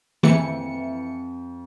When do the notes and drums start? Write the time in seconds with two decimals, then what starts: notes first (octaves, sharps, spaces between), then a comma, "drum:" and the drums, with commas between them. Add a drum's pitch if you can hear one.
0.23 F2 E3 C#7, drum: tom